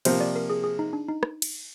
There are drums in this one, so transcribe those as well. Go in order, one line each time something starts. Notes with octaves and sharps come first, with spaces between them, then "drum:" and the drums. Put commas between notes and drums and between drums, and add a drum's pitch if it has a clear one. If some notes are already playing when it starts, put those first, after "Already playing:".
C3 F3 A#3 C5, drum: cymbal
D5
A#4
G#4
G#4
D#4
D4
D#4
drum: rim click
drum: cymbal